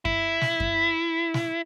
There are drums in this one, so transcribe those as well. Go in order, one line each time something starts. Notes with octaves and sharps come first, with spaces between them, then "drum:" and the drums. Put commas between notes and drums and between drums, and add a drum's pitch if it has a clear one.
E4, drum: kick F#2
drum: snare
drum: kick F#2
drum: snare